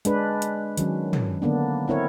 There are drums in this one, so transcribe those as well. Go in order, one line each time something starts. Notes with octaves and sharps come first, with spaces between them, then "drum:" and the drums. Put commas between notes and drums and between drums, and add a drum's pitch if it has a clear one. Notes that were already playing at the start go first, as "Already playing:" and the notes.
G#3 D4 B4, drum: hi-hat
drum: hi-hat
D#3 F#3 C#4, drum: hi-hat
drum: tom
D3 A#3 B3 D4
C4 E4 A#4 C#5